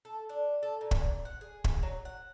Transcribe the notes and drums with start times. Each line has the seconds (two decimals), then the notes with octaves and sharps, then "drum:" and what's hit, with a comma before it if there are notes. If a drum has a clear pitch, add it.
0.05 A4
0.29 D4
0.63 A4
0.81 A#2
0.91 drum: kick
1.25 F#5
1.41 G#4
1.64 drum: kick
1.83 F#3
2.05 F#5